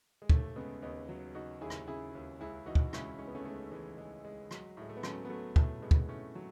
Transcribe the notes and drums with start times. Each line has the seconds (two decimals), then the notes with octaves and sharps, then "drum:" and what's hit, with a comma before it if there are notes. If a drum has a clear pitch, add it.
0.22 G#3
0.30 D#2 A3, drum: kick
0.56 C#3 G#3 B3
0.82 D#2 B3 D#4
1.09 F#3
1.35 C#3 D#4 F#4
1.61 D#2 E4 G#4
1.70 drum: rim click
1.87 C#3 E4 G#4
2.15 D#2
2.40 C#2 E4 G#4
2.66 E3 D#4 F#4
2.75 drum: kick
2.93 C#2 C#4 E4, drum: rim click
3.19 G#3 C#4
3.27 B3
3.35 A3 C#4
3.45 G#3 A3
3.72 E3 G#3
3.98 G#3
4.25 G#3
4.51 F#3, drum: rim click
4.77 A2 G#3
4.89 A3
4.97 B3
5.03 F#3 A3 C#4, drum: rim click
5.25 B3
5.29 F#3 A3
5.56 A2 A3, drum: kick
5.82 A2 G#3 B3
5.91 drum: kick
6.08 A2 A3 C#4
6.35 F#3